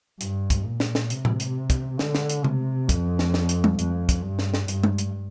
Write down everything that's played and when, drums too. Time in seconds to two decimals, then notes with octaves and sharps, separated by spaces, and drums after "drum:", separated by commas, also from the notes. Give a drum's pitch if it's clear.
0.21 G2, drum: hi-hat
0.50 drum: kick, hi-hat
0.65 A#2
0.80 drum: snare
0.95 drum: snare
1.10 C3, drum: hi-hat
1.25 drum: tom A2
1.40 drum: hi-hat
1.70 drum: kick, hi-hat
1.99 D3, drum: snare
2.15 drum: snare
2.30 drum: hi-hat
2.44 C3, drum: tom C#3
2.89 F2, drum: kick, hi-hat
3.19 drum: snare
3.34 drum: snare
3.49 drum: hi-hat
3.64 drum: tom G3
3.79 F2, drum: hi-hat
4.09 drum: kick, hi-hat
4.23 G2
4.39 drum: snare
4.54 drum: snare
4.68 G2, drum: hi-hat
4.83 drum: tom G3
4.98 drum: hi-hat